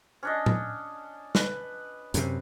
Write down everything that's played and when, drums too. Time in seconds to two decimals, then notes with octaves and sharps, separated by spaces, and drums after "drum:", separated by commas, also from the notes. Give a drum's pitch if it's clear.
0.23 C#4 D4 D#5
0.46 drum: tom A2
1.35 B4, drum: snare
2.14 F#2 C3, drum: hi-hat